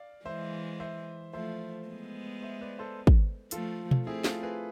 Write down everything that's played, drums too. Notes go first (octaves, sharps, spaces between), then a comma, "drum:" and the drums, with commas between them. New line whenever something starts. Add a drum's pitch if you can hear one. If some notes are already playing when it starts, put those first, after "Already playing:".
Already playing: D5 F5
E3 G#3 C5 E5
C5 E5
F3 A3 C5 E5
G#3 B3
C5 E5
B4 D5
A4 C5
drum: kick
F3 A3 F4 A4, drum: hi-hat
drum: tom B2
A3 C4 E4 G#4
F4 A4, drum: snare
G#4 B4